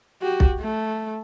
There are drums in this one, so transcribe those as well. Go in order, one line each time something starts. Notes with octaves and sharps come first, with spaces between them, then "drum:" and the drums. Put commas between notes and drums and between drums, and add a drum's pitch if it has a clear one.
F#4 G4
drum: kick B1
A3